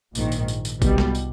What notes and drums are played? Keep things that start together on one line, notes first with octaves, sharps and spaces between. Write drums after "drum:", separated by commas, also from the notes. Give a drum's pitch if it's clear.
A#1 G#2 D#3, drum: tambourine
drum: tambourine
drum: tambourine
drum: tambourine
C2 B2 G3, drum: kick G#1, tambourine
drum: snare
drum: tambourine